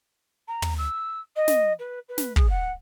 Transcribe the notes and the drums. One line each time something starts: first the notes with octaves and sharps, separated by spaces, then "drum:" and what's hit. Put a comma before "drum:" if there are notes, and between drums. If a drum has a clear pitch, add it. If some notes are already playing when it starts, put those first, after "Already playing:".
A#5
drum: tom
E6
D#5
drum: snare
B4
B4
drum: snare
G#4, drum: kick
F#5